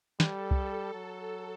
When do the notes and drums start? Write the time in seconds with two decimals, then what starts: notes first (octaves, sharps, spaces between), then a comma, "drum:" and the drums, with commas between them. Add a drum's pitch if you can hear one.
0.20 G3 A4, drum: snare
0.51 drum: kick
0.94 F#3 A4